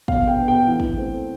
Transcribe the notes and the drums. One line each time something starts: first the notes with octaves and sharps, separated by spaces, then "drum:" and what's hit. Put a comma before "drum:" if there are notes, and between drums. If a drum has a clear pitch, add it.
B2 F5, drum: kick
G5
B3 D4
G5
E3
drum: kick
A3 C4